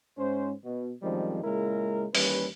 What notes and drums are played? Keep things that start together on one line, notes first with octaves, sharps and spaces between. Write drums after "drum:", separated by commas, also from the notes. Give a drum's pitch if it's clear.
G#2 C#4 C5
B2
F#2 D#3 F3 G3 G#3 C4
A#2 C#3 G#3 E4 A#4
D#2 E3 G3 C#4 B4, drum: open hi-hat